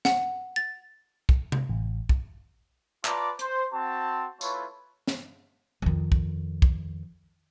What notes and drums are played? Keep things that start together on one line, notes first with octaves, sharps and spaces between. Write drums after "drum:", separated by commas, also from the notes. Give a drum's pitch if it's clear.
F#5, drum: snare
A6
drum: kick
drum: tom C3
A1
drum: kick
F4 B4 D5 A5 A#5 D6, drum: clap
C5, drum: hi-hat
C4 F#4 A5
A3 E4 F4 B4 C#5, drum: tambourine
drum: snare
F2 D#3
drum: kick
drum: kick